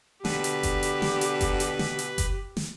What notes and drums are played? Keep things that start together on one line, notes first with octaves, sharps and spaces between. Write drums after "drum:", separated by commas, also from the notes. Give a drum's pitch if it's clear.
B2 D3 G4 B4, drum: snare
drum: hi-hat
drum: kick F#1, hi-hat
drum: hi-hat
drum: snare
drum: hi-hat
drum: kick F#1, hi-hat
drum: hi-hat
drum: snare
drum: hi-hat
drum: kick F#1, hi-hat
drum: snare